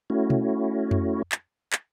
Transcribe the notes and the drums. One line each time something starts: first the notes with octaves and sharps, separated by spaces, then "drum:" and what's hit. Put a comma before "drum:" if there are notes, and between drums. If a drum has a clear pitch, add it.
A3 C#4 E4 F#4
drum: tom B2
drum: tom F2
drum: clap
drum: clap